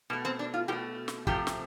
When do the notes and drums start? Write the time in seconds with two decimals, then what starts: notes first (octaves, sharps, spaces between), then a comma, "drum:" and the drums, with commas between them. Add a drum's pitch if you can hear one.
0.10 B2 A3
0.25 C4
0.39 D4
0.54 F4
0.68 B2 A3 G4
1.08 drum: snare
1.27 C3 F3 A3 G4, drum: kick
1.47 drum: snare